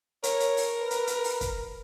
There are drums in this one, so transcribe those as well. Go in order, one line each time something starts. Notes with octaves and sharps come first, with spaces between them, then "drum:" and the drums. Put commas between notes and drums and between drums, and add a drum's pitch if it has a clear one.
A#4 C#5, drum: hi-hat
drum: hi-hat
drum: open hi-hat
B4
drum: hi-hat
drum: hi-hat
drum: open hi-hat
drum: kick, hi-hat